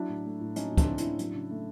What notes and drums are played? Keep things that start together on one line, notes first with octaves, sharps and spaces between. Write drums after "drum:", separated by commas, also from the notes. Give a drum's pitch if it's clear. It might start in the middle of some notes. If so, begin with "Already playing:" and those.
Already playing: F#3 D4 E4
A2
A3
A2
F#3 C#4 D#4, drum: hi-hat
A2
C4 D4, drum: kick, hi-hat
A3
D4 E4, drum: hi-hat
A2
F#3, drum: hi-hat
C#3
A3